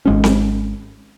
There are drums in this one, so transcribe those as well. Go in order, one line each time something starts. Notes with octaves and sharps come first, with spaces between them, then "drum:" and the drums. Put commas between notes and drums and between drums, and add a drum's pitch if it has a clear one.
G#1 G#3 C#4
drum: snare C4